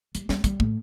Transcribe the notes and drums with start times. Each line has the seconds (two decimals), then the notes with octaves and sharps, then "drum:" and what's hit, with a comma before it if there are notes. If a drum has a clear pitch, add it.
0.15 G3, drum: hi-hat
0.29 G3, drum: snare
0.44 G3, drum: kick, hi-hat
0.60 A2, drum: kick